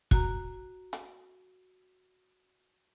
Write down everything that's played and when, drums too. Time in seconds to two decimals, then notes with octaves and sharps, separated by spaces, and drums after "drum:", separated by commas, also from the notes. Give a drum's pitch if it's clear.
0.11 F#4 A#5, drum: kick
0.93 drum: hi-hat